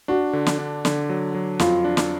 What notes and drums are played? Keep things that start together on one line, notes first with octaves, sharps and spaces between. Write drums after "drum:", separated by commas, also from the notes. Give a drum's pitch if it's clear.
D4 F#4
D3
drum: snare
D4
D3, drum: snare
F#3
F#3
F2 F4, drum: snare
D4
drum: snare